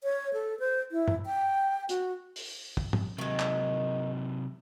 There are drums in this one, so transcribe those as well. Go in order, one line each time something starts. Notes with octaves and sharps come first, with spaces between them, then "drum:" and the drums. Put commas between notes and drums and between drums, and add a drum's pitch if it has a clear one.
C#5
A4
C5
E4
drum: tom
G5
F#4, drum: hi-hat
drum: open hi-hat
drum: kick
drum: tom
C3 D#3 F#3 G#3
drum: clap